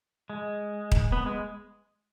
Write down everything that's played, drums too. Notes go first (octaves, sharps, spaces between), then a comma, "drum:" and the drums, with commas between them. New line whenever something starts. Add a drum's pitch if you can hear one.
G#3
drum: kick D#1
B3
G#3